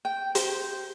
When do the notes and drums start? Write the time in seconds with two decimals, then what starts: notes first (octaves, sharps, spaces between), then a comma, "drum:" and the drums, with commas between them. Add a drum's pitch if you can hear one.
0.05 G5
0.35 C5, drum: hi-hat